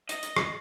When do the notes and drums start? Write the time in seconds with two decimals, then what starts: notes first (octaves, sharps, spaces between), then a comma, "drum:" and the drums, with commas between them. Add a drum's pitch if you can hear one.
0.09 D#5, drum: hi-hat
0.23 drum: hi-hat
0.37 drum: rim click